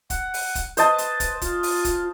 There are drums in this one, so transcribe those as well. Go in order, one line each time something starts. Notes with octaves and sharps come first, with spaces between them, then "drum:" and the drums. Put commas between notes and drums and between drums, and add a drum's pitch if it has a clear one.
F#5, drum: kick, hi-hat
drum: open hi-hat
drum: kick, hi-hat
B4 C5 D#5 A5, drum: hi-hat
drum: hi-hat
drum: kick, hi-hat
F4, drum: kick, hi-hat
drum: open hi-hat
drum: kick, hi-hat